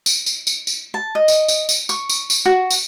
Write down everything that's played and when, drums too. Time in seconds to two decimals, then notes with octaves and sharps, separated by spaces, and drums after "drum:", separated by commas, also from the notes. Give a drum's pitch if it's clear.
0.06 drum: tambourine
0.26 drum: tambourine
0.47 drum: tambourine
0.67 drum: tambourine
0.94 A5
1.15 D#5
1.28 drum: tambourine
1.48 drum: tambourine
1.69 drum: tambourine
1.89 C#6, drum: tambourine
2.09 drum: tambourine
2.30 drum: tambourine
2.46 F#4
2.70 drum: tambourine